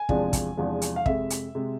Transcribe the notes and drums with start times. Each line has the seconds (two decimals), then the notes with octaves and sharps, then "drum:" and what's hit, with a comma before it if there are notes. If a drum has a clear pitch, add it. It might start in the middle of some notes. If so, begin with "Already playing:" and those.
Already playing: G#5
0.09 E2 C3 F3 G#3 D4, drum: kick
0.33 drum: kick, hi-hat
0.57 E2 C3 F3 G#3 D4
0.82 drum: hi-hat
0.96 F5
1.06 F2 C3 G#3 E5, drum: kick
1.30 drum: hi-hat
1.55 C3 G#3